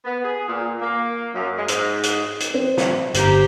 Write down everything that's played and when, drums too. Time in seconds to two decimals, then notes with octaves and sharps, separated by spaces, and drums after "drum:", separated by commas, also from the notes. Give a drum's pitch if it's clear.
0.05 B3
0.24 G#4
0.48 A#2
0.81 A#3
1.34 F#2
1.56 G#3
1.68 G#2, drum: hi-hat
2.03 drum: hi-hat
2.40 drum: hi-hat
2.54 C4
2.77 drum: snare
3.14 G1 G4 C5 A#5, drum: hi-hat